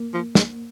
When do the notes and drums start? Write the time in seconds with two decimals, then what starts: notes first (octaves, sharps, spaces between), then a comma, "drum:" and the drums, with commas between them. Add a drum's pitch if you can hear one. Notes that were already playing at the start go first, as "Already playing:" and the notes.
Already playing: A#3
0.14 F3
0.35 G#3, drum: snare